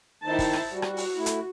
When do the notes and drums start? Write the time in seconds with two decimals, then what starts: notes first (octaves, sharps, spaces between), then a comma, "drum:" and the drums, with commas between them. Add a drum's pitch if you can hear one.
0.24 D#3 D#4 E4 C5 A5
0.39 drum: kick, open hi-hat
0.53 drum: rim click
0.71 G3 F#4
0.82 drum: rim click
0.97 drum: open hi-hat
1.16 A3 E4
1.26 drum: hi-hat